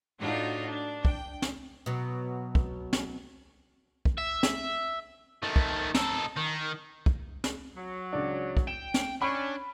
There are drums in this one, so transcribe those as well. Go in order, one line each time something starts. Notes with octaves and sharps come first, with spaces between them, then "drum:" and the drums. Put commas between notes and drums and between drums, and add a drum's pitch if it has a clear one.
A2 D4 D#4 F4 F#4
D4
G5, drum: kick
drum: snare
B2 F#3
drum: kick
drum: snare
drum: kick
E5
drum: snare
D#3 A3
drum: kick
D#4 A4, drum: snare
D#3
drum: kick
drum: snare
F#3
C#2 D4
drum: kick
G5 E7
drum: snare
C#4 D4 B5